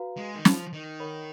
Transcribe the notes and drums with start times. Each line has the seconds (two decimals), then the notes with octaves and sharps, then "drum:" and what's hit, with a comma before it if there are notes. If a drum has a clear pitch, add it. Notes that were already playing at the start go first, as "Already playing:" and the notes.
Already playing: F#4 B4 F5 A#5
0.17 G#3
0.35 D#3
0.45 F3, drum: snare
0.73 D#3
1.00 A#4 C#5 F#5 B5